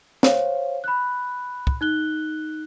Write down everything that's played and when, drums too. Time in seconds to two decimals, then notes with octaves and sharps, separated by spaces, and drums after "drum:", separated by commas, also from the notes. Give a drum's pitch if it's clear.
0.23 C5 C#5 F5, drum: snare
0.84 B5 F#6
1.67 drum: kick
1.81 D#4 F#6 G7